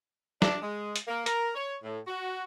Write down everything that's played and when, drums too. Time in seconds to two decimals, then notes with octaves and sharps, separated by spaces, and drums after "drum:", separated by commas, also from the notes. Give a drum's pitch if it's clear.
0.42 D4, drum: snare
0.62 G#3
0.96 drum: hi-hat
1.08 A#3
1.26 A#4, drum: hi-hat
1.55 C#5
1.82 A2
2.07 F#4